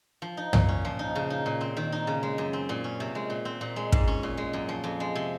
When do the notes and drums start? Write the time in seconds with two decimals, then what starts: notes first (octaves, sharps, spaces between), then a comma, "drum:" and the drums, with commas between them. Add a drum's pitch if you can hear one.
0.22 F3
0.37 D#4
0.53 A#2, drum: tom
0.69 C#4
0.85 F3
0.99 D#4
1.15 C#3
1.30 D#4
1.46 A#2
1.61 C4
1.77 D#3
1.92 D#4
2.07 C#3
2.23 G#3
2.38 F#2
2.53 C4
2.69 A#2
2.84 C#4
3.00 C3
3.15 G#3
3.30 A#2
3.45 C4
3.61 A#2
3.76 G#3
3.92 G#2, drum: kick
4.08 C#4
4.23 A#2
4.37 G#3
4.53 F#2
4.69 F3
4.84 F2
5.00 G#3
5.15 C3